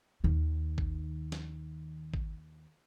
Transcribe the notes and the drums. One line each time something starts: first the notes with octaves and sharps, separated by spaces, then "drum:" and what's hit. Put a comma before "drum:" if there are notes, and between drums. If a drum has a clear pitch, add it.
D#2 D#3
drum: kick
drum: snare
drum: kick